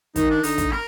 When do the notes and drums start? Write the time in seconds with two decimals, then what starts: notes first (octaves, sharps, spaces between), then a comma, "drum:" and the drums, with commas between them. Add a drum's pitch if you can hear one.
0.16 D#3 D#4, drum: kick, hi-hat
0.30 D4
0.43 D3 D#4, drum: open hi-hat
0.58 drum: kick, hi-hat
0.72 A#4, drum: rim click